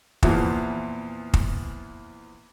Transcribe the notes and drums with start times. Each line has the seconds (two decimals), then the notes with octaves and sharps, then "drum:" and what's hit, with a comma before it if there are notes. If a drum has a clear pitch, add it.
0.23 E2 A#2 E3 F3, drum: kick
1.34 drum: kick